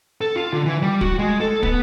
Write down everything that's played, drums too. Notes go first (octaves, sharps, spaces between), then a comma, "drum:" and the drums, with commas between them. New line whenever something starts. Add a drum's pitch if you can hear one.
A4
F4
D3
E3
G3
F#4, drum: kick
G#3
A4
B3, drum: kick